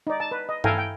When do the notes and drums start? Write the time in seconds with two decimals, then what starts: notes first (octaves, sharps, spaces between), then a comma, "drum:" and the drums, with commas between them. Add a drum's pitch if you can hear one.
0.07 D#4 D5
0.20 A5
0.31 B4
0.49 D#5
0.64 E4 A4 F5 G5 G#5 A#5, drum: tom G2
0.78 G5